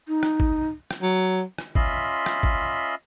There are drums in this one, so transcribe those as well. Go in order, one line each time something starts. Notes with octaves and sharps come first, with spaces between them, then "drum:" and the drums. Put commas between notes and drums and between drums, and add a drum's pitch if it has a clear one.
D#4
drum: rim click
drum: kick
drum: rim click
F#3
drum: rim click
C#4 F4 D#5 E5 B5 C6, drum: kick
drum: rim click
drum: kick